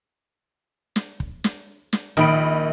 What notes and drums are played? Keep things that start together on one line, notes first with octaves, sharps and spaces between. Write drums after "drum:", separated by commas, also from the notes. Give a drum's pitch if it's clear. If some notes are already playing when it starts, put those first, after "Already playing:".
drum: snare
drum: kick
drum: snare
drum: snare
A#1 D#3 B5 D7